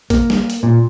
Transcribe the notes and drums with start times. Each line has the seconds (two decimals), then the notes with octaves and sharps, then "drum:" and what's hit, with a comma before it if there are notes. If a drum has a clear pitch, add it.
0.10 A#3, drum: kick A1, hi-hat
0.30 drum: snare
0.50 drum: hi-hat
0.63 A#2